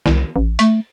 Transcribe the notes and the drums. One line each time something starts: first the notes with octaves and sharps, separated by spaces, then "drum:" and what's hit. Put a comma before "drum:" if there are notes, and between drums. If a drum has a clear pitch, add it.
C2, drum: snare
A1
A3, drum: hi-hat